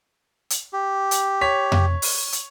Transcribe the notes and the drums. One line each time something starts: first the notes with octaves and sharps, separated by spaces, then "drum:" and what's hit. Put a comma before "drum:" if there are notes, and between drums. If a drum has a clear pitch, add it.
drum: hi-hat
G4
drum: hi-hat
C#5 B6
drum: tom F2
drum: open hi-hat
drum: hi-hat